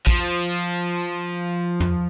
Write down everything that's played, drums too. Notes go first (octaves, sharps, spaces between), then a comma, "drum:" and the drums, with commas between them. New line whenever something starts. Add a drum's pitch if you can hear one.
F3, drum: kick
drum: tom